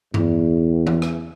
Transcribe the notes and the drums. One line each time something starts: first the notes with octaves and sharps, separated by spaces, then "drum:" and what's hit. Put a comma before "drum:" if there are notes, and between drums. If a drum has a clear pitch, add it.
E2, drum: tom G2
drum: tom E3
drum: rim click